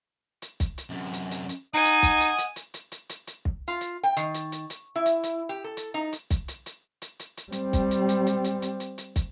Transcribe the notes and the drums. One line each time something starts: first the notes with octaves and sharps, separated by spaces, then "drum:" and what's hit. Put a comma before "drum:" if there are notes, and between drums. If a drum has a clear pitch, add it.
drum: hi-hat
drum: kick, hi-hat
drum: hi-hat
F#2 C3
drum: hi-hat
drum: hi-hat
drum: hi-hat
D#4 D#5 F#5 G#5
drum: hi-hat
drum: kick, hi-hat
drum: hi-hat
drum: hi-hat
drum: hi-hat
drum: hi-hat
drum: hi-hat
drum: hi-hat
drum: hi-hat
drum: kick
F4
drum: hi-hat
G5
D#3, drum: hi-hat
drum: hi-hat
drum: hi-hat
drum: hi-hat
E4
drum: hi-hat
drum: hi-hat
G4
A4
drum: hi-hat
D#4
drum: hi-hat
drum: kick, hi-hat
drum: hi-hat
drum: hi-hat
drum: hi-hat
drum: hi-hat
drum: hi-hat
G3 C4, drum: hi-hat
drum: kick, hi-hat
drum: hi-hat
drum: hi-hat
drum: hi-hat
drum: hi-hat
drum: hi-hat
drum: hi-hat
drum: hi-hat
drum: kick, hi-hat